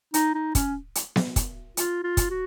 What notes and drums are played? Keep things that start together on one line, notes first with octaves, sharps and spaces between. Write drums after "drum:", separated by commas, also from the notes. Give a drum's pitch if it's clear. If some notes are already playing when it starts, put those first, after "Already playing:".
D#4, drum: hi-hat
D#4
C#4, drum: kick, hi-hat
drum: hi-hat
drum: snare B3
drum: kick, hi-hat
F4, drum: hi-hat
F4
drum: kick, hi-hat
F#4